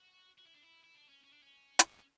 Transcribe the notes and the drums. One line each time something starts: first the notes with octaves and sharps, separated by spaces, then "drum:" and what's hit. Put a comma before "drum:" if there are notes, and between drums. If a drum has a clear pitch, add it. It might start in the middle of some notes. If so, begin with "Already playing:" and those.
Already playing: F#4
F#4
E4
D4
E4
E4
D4
C#4
C#4
D4
C#4
drum: hi-hat